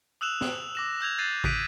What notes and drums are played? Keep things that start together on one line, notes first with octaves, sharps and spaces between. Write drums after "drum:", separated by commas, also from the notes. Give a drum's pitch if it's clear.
D#6 E6 F#6 E7 F7
drum: snare
D6 A#6 E7
E6 G6 G#6 F7
F#6 G6 A6 C7 D#7
D6 D#6 F#6 B6 D7 D#7, drum: kick A1